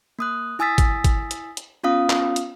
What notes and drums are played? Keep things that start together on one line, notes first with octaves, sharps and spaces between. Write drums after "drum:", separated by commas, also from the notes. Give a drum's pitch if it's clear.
A#3 D#6 F#6
E4 G#5 D#6 E6 A6 B6
drum: kick G#1, hi-hat
drum: kick G#1, hi-hat
drum: hi-hat
drum: hi-hat
B3 C#4 F4 F5 D#6
drum: clap
drum: hi-hat